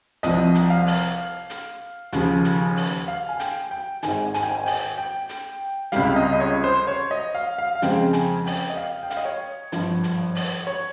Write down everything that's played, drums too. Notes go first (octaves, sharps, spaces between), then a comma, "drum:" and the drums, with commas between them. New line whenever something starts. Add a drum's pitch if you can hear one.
C2 C3 F3 D#5, drum: hi-hat
drum: hi-hat
F5
drum: open hi-hat
drum: hi-hat
D#2 C#3 F3, drum: hi-hat
drum: hi-hat
drum: open hi-hat
F5
G#5
G5, drum: hi-hat
G5
G#1 G#2 D#3 G#5, drum: hi-hat
G#5, drum: hi-hat
G5
G#5
G5, drum: open hi-hat
G5
drum: hi-hat
C#2 C3 G3 F5, drum: hi-hat
D#5
D#5
C#5
C5
C#5
D#5
F5
F5
F5
F2 C#3 G#3 C4 G5, drum: hi-hat
G#5, drum: hi-hat
G5, drum: open hi-hat
D#5
F5
G5
F5, drum: hi-hat
D#5
C#5
G#1 G2 F3, drum: hi-hat
drum: hi-hat
drum: open hi-hat
C#5